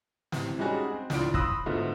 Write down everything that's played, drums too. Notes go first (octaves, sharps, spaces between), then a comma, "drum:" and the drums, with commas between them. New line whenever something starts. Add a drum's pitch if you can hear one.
A1 C3, drum: snare
G3 G#3 C#4 D#4 F#4 G#4
C4
C#2 A2 D4 F4 D7, drum: snare
B5 C6 D#6 E6 F#6 A#6, drum: kick
G#2 D3 A3 B3 F4 F#4